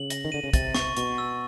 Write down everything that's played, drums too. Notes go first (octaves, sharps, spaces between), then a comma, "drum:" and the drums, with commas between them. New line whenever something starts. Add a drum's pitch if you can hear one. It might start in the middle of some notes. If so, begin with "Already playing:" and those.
Already playing: C#3 F#7
A#6, drum: hi-hat
D#3
D3 D#7
C#3
C3 A6, drum: kick, hi-hat
C#6, drum: snare
B2 C#6, drum: hi-hat
E6